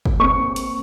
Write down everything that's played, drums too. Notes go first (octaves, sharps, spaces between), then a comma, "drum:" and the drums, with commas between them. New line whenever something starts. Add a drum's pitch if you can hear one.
drum: kick
A#3 C4 C#6
drum: hi-hat